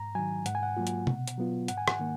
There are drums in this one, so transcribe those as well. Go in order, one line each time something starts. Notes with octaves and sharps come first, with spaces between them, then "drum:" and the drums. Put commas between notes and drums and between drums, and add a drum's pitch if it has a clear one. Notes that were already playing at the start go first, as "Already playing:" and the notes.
Already playing: G#2 A#5
D#3 F#3 G#5
G#2 F#5, drum: hi-hat
G#5
F#5
F#3 A#3 F4
drum: hi-hat
B2, drum: tom C3
drum: hi-hat
F#3 B3 F4
G#2 F#5, drum: hi-hat
G#5
F#5, drum: rim click
D#3 A#3